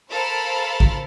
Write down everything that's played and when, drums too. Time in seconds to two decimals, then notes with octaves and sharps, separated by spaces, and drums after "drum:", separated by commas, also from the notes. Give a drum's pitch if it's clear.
0.11 A4 A#4 C5 F5 B5 A6
0.80 drum: kick